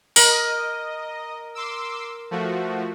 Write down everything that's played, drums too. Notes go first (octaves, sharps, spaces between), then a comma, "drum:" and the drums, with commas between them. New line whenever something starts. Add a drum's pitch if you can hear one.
A#4 D#5, drum: open hi-hat
C6 D6 E6
F3 A3 F#4